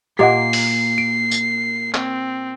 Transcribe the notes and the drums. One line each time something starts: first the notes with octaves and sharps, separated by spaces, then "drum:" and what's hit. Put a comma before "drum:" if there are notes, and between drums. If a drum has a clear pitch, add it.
A#2 A#3 G4 D#5 F#5 C7
drum: open hi-hat
D7
drum: tambourine
C4, drum: clap